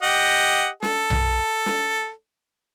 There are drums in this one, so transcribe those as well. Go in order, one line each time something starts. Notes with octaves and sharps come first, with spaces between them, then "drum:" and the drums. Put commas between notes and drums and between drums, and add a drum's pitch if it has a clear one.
G4 D#5 F#5
A4, drum: snare
drum: tom B1
drum: snare